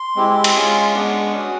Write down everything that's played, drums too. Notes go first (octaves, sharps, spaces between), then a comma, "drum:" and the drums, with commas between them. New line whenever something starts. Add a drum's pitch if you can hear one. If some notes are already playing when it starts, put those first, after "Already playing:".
Already playing: C6
G#3 C4 E4 G4
drum: cymbal
G#3 C#4 F4 G#4 C#6
G#3 B3 D4
C#4 F#4 D#6